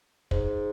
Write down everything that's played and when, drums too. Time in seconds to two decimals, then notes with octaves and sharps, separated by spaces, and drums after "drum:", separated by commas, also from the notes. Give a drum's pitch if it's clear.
0.31 G#2, drum: kick